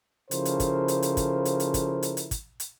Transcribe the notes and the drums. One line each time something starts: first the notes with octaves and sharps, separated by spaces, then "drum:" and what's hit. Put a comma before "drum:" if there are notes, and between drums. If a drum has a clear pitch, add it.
C#3 F3 E4 A4 A#4 C5, drum: hi-hat
drum: hi-hat
drum: kick, hi-hat
drum: hi-hat
drum: hi-hat
drum: kick, hi-hat
drum: hi-hat
drum: hi-hat
drum: kick, hi-hat
drum: hi-hat
drum: hi-hat
drum: kick, hi-hat
drum: hi-hat